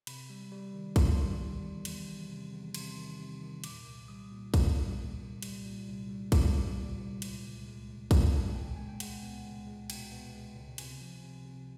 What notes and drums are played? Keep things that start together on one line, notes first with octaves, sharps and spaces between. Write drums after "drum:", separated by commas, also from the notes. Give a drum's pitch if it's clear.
C3 B5, drum: cymbal
G3
G3
D#3
E2 C6, drum: kick, cymbal
D#3
G3
E2
E2, drum: cymbal
E2
C3
E2
C3 C6, drum: cymbal
D#3
C3
D#3
A#2 D6, drum: cymbal
C2
G3 D#6
A#2
A#2, drum: kick, cymbal
C2
A#3
C2
G3, drum: cymbal
A#2
C2
G3
G3 D6, drum: kick, cymbal
A#2
A#2
C2
C#2, drum: cymbal
C#2
G#3
C#2
C#2 G#5, drum: kick, cymbal
A5
G#3 G#5
B2 G5
C#2 G#5
G5
G#3 F#5, drum: cymbal
B3
C#2
G#3
B2 G5, drum: cymbal
B3
G#3
C#2
C3 G#5, drum: cymbal
F3
C3
C3